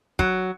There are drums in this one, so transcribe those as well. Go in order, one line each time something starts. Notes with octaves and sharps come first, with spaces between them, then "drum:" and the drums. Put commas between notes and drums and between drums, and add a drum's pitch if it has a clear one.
F#3, drum: kick